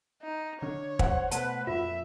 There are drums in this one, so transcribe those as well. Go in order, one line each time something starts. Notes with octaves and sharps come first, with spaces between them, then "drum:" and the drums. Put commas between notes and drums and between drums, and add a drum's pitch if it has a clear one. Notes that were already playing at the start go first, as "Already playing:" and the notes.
D#4
D3 C#4 D4 C#5
E2 G2 D3 C5 F#5, drum: kick
B2 A3 B4 A5, drum: hi-hat
F2 A#2 F4 E5